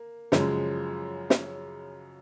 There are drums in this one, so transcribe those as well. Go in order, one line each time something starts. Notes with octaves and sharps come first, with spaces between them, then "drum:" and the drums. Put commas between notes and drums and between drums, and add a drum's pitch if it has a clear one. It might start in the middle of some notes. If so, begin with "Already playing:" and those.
Already playing: A#3
F#2 C#3 F3 G#3, drum: snare
drum: snare